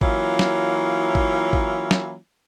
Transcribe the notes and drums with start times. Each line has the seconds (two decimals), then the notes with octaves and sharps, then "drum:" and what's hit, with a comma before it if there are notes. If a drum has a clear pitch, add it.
0.01 E3 F#3 A#3 C#4 E4 F4, drum: kick G#1
0.39 drum: snare
1.15 drum: kick G#1
1.53 drum: kick G#1
1.91 drum: snare